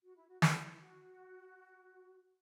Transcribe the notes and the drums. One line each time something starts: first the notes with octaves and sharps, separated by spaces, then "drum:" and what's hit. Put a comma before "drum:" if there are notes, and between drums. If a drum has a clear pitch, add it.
F#4
E4
F#4
E4, drum: snare
E4
F#4